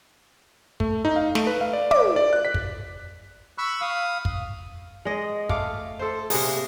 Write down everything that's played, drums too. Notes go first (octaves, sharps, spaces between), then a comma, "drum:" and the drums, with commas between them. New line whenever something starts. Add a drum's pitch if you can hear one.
A3, drum: kick
D#4
F5
A3, drum: snare
B4
F5
D5
D6, drum: tom
D5
F#6
B6
drum: kick
B5 C#6 E6 F#6
F5 D#6
drum: kick
G#3 D#5
A3 F5 D6, drum: kick
A4 C5
C3 A#3 G#4, drum: open hi-hat